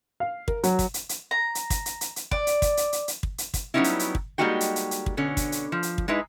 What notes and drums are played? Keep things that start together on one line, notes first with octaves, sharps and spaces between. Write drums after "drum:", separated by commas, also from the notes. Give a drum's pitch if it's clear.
F5
A#4, drum: kick
F#3, drum: hi-hat
drum: kick, hi-hat
drum: hi-hat
drum: hi-hat
A#5
drum: hi-hat
drum: kick, hi-hat
drum: hi-hat
drum: hi-hat
drum: hi-hat
D5, drum: kick
drum: hi-hat
drum: kick, hi-hat
drum: hi-hat
drum: hi-hat
drum: hi-hat
drum: kick
drum: hi-hat
drum: kick, hi-hat
F#3 G3 B3 C#4 D#4 E4
drum: hi-hat
drum: hi-hat
drum: kick
G3 G#3 A#3 D#4 F#4 G5
drum: hi-hat
drum: hi-hat
drum: hi-hat
drum: kick
B2 D3 C#4
drum: kick, hi-hat
drum: hi-hat
F3
drum: hi-hat
drum: kick
G#3 D#4 E4 B4